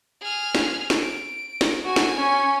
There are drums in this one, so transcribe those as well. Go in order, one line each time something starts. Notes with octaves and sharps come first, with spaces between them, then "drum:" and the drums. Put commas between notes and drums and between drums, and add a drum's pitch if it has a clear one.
G#4 F6
drum: snare
drum: snare
D7
drum: snare
F#4 G#5
drum: snare
C#4